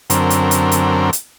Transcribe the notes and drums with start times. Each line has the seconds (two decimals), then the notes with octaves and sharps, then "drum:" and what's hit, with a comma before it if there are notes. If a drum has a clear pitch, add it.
0.10 F#2 D3 C4 A#4, drum: hi-hat
0.30 drum: hi-hat
0.51 drum: hi-hat
0.72 drum: hi-hat
1.13 drum: hi-hat